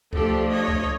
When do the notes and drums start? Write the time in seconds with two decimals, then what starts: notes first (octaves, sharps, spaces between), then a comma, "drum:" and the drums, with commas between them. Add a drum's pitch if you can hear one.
0.13 F3 A3 D4 G4 A4, drum: kick C#2
0.50 C#5 D#5
0.68 drum: kick C#2